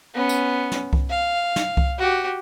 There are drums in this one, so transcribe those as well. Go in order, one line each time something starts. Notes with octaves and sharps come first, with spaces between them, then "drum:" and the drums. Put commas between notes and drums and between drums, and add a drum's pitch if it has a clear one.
B3 C#4
drum: tambourine
drum: snare
drum: kick C2
F5
drum: snare
drum: kick C2
F#4 G4